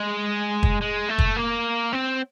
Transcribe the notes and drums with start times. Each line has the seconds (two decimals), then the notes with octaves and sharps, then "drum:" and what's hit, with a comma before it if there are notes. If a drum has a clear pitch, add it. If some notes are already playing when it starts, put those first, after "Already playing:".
Already playing: G#3
0.63 drum: kick
0.82 G#3
1.09 A3
1.18 drum: kick
1.37 A#3
1.93 C4